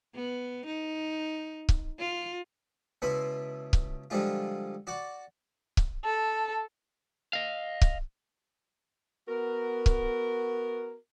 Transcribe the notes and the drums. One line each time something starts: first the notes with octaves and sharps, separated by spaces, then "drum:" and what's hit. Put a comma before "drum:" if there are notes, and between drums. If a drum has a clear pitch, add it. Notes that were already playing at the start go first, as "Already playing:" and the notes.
B3
D#4
drum: kick C#1
F4
C#2 B2 E4 B4 C6
drum: kick C#1
D3 F3 G3 G#3 F4
F#4 D5 F#5
drum: kick C#1
A4
D#5 F5
drum: kick C#1
B3 F#4 A#4
drum: kick C#1